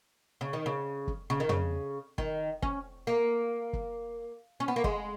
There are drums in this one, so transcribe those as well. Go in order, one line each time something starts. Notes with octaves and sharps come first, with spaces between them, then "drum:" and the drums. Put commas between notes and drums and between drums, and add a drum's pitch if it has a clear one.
C#3
D#3
C#3
drum: kick
C#3
D#3
C#3, drum: tom
D#3, drum: kick
C#4, drum: kick
A#3
drum: kick
C#4
B3
A#3
G#3, drum: kick